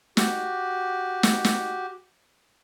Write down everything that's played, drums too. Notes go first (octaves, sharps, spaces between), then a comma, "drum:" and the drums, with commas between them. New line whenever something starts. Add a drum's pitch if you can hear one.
F#4 G4, drum: snare
drum: snare
drum: snare